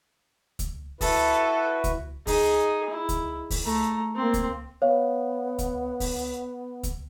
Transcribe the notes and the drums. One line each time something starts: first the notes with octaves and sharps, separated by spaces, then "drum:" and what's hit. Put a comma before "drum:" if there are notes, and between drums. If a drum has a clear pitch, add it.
drum: kick C#2, hi-hat
E4 F#4 A4 B4, drum: kick C#2, open hi-hat
drum: kick C#2, hi-hat
D#4 G#4, drum: kick C#2, open hi-hat
E4
drum: kick C#2, hi-hat
drum: kick C#2, open hi-hat
A3 A#5
A#3 C4
drum: kick C#2, hi-hat
B3 C#5 F5
drum: kick C#2, hi-hat
drum: kick C#2, open hi-hat
drum: kick C#2, hi-hat